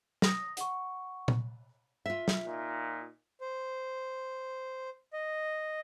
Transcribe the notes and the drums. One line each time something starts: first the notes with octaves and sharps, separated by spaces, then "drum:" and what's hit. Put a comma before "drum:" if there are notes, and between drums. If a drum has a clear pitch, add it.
D#6 A#6, drum: snare
F#5 C#6, drum: hi-hat
drum: tom A#2
F4 E5
drum: snare
A#2 D#4
C5
D#5